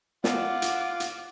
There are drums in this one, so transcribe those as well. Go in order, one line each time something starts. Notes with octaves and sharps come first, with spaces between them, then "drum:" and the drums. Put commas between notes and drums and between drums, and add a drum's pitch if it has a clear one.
F4 F#5 D6, drum: snare
drum: hi-hat
drum: hi-hat